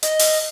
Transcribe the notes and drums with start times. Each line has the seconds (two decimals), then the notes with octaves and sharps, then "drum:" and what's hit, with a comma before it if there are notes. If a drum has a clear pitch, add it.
0.03 D#5, drum: hi-hat
0.19 drum: open hi-hat